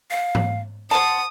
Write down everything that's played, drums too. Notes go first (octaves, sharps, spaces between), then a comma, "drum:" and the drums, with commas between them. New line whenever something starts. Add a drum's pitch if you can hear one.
F5
drum: tom G#2
C5 F#5 A5 D#6